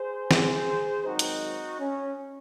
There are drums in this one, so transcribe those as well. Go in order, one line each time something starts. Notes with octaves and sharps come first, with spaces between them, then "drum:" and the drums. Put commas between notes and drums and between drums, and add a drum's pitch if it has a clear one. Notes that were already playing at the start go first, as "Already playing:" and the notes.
Already playing: G#4 C5
G#4 C5, drum: snare
G#2 D#3 F#3 C4 D#4 F#4
drum: hi-hat
C#4